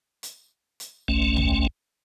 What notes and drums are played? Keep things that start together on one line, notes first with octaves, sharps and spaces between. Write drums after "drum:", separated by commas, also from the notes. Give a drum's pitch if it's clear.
drum: hi-hat
drum: hi-hat
G1 C2 A3 C#4
drum: tom D#2